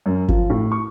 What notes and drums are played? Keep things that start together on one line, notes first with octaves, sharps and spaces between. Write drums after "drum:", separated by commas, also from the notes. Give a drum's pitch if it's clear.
F#2
F3, drum: kick G1
A2
C#6